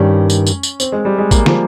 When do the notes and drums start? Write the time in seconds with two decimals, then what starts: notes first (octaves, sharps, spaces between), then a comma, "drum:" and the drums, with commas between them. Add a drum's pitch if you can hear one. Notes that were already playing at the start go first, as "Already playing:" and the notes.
Already playing: G2 D#3 G3 C#4
0.30 drum: tambourine
0.47 drum: tambourine
0.63 drum: tambourine
0.80 C4, drum: tambourine
0.92 G#3
1.05 G3
1.18 G#3
1.31 A#3, drum: kick G#1, tambourine
1.46 F3, drum: snare